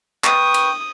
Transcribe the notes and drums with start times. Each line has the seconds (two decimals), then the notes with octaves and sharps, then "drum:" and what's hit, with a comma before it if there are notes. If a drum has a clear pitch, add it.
0.24 B4 G5 C#6 D#6, drum: clap
0.54 drum: cymbal